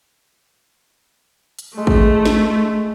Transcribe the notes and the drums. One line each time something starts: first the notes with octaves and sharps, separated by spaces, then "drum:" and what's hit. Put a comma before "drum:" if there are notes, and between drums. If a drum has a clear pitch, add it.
drum: hi-hat
G#3 A3
drum: kick
drum: snare